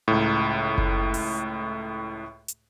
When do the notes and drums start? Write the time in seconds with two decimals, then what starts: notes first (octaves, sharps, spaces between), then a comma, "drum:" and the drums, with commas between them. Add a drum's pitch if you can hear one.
0.08 C#2 A2
0.78 drum: kick F#1
1.14 drum: open hi-hat
2.48 drum: hi-hat